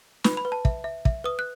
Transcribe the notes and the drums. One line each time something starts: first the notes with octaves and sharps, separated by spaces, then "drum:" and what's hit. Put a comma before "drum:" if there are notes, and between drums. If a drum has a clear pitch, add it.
B4 B5, drum: snare
B5
B4
A5
E5, drum: kick
E5
E5, drum: kick
B4 D#6
F#6